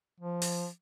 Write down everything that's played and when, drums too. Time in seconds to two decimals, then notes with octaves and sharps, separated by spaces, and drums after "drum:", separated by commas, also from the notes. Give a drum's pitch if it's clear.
0.21 F3
0.42 drum: open hi-hat